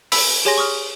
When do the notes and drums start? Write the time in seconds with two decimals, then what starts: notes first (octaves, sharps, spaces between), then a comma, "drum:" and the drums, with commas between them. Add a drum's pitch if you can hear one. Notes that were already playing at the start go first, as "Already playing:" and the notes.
0.12 B5 E6 B6, drum: open hi-hat
0.45 G4 G#4 C#5 G#5 C6 A#6
0.58 C#6 D#6 F6